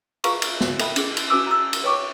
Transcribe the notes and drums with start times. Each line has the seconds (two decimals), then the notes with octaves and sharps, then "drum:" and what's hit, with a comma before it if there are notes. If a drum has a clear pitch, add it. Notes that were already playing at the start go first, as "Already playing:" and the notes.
0.24 F4 G#4 B4 F5 A#5 C#6, drum: cymbal
0.42 drum: cymbal
0.61 drum: snare
0.79 A4 D#5 E5 G5 A5 B5, drum: cymbal
0.96 C#4 G#4, drum: cymbal
1.17 drum: cymbal
1.30 C#4 F#4 B4 G#5 D6 E6
1.47 A#5 E6
1.73 drum: cymbal
1.84 B4 C#5 D#5 G5 C#6 D6